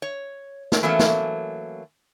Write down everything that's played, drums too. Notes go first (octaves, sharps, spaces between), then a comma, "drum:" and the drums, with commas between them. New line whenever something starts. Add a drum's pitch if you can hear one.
C#5
drum: snare
E3 F#3 A3 A#3 C#4
drum: snare